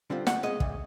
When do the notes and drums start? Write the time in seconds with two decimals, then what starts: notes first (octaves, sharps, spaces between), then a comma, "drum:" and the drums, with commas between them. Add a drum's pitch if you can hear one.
0.10 D3 G3 C4 F4
0.27 D2 F#5, drum: snare
0.43 C#3 F3 G#3 D#5
0.60 D2, drum: kick